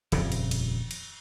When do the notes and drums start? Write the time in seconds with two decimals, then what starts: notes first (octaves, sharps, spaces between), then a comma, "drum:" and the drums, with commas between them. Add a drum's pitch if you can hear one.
0.12 D#1 F2 A#2 C#3, drum: cymbal
0.32 drum: cymbal
0.51 drum: cymbal
0.91 drum: cymbal